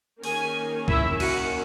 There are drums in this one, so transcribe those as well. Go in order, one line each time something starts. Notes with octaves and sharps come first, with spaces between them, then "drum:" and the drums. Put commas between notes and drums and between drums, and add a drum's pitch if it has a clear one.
D#3 A#3 C#4 G#4 G#5, drum: open hi-hat
E4 E5, drum: kick C#2
F#4 F#5, drum: cymbal